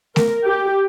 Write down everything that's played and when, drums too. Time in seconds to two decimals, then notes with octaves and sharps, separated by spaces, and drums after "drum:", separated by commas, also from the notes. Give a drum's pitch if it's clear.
0.16 A#4, drum: snare A3
0.46 G4